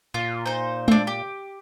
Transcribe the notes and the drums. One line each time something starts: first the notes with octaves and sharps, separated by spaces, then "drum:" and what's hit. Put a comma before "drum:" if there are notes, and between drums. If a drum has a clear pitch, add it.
A#2 F4
D#4 C5
C4 D4, drum: tom G#3
G4